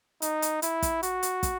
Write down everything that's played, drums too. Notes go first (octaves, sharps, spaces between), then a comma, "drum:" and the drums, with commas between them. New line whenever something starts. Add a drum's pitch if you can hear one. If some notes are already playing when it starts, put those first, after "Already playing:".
D#4, drum: hi-hat
drum: hi-hat
E4, drum: hi-hat
drum: kick, hi-hat
F#4, drum: hi-hat
drum: hi-hat
drum: kick, hi-hat